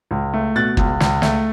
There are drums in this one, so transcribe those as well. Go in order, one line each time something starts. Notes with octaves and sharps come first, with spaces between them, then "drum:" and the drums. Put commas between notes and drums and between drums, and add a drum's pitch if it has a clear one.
C#2
A3
B2 F#6 A6
C#2, drum: kick
C#2, drum: snare
A3, drum: snare